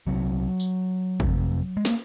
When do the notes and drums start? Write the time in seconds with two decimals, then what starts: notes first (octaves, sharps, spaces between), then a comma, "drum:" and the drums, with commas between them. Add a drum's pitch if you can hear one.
0.07 C2 C3 F#3
0.60 drum: tambourine
1.20 F2 C3, drum: kick
1.77 G#3
1.85 A#3, drum: snare